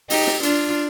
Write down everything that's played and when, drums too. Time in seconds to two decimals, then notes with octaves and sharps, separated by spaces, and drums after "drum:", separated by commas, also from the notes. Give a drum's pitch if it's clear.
0.10 D#4 G4, drum: open hi-hat
0.27 drum: snare
0.43 D4 F4, drum: hi-hat